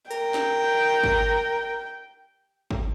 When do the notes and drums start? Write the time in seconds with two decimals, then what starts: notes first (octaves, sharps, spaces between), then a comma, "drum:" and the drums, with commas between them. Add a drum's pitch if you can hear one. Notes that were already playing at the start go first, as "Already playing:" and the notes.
0.11 A#4 G5, drum: hi-hat
0.34 drum: snare
1.04 drum: kick G#1
2.71 drum: kick G#1